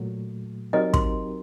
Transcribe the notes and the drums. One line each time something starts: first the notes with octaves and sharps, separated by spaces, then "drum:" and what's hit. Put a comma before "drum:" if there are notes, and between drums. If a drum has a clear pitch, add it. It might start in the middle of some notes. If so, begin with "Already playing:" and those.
Already playing: A#2 F#3 A3
F#3 C4 D#4 G4 A#4 D#5
C6, drum: kick